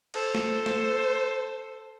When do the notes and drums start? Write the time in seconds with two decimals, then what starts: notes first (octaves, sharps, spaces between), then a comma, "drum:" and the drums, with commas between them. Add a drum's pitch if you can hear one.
0.14 A4 C5, drum: cymbal
0.35 drum: snare
0.66 drum: snare